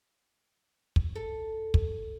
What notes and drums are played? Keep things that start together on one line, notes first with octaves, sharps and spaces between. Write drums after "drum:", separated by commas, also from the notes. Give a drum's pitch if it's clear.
drum: kick
A4
drum: kick